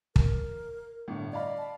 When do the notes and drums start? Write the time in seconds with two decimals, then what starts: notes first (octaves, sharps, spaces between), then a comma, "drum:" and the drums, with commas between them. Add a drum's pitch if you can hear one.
0.16 A#4, drum: kick
1.08 G1 A2 D3
1.33 D5 D#5 F5 B5
1.58 A5